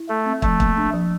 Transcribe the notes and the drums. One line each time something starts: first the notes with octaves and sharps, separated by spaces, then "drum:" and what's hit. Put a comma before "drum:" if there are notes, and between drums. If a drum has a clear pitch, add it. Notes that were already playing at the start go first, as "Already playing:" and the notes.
Already playing: E4
A3 A4
C4
F3 A3, drum: kick
A#3, drum: kick
D4
F3